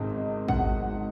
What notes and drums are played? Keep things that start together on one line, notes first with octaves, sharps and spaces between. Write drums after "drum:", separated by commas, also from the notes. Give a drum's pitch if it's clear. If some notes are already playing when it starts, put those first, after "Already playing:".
Already playing: G#1 G#2 D#3 G#3 C4
F#5, drum: kick